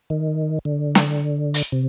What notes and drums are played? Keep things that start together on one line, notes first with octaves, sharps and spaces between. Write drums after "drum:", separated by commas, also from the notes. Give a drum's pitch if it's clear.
D#3
D3
drum: snare
drum: hi-hat
C3